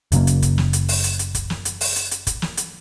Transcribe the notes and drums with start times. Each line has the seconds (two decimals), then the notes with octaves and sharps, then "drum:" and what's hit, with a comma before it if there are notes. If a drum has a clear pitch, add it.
0.12 F#1 C#3 F#3 A#3, drum: hi-hat
0.27 drum: hi-hat
0.42 drum: kick, hi-hat
0.58 drum: snare
0.73 drum: hi-hat
0.88 drum: open hi-hat
1.04 drum: hi-hat
1.19 drum: hi-hat
1.35 drum: kick, hi-hat
1.50 drum: snare
1.65 drum: hi-hat
1.81 drum: open hi-hat
1.96 drum: hi-hat
2.11 drum: hi-hat
2.27 drum: kick, hi-hat
2.42 drum: snare
2.57 drum: hi-hat